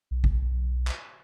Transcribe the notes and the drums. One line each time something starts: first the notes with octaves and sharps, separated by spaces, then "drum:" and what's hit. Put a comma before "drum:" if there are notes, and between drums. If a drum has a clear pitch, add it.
B1
drum: kick G#1
drum: clap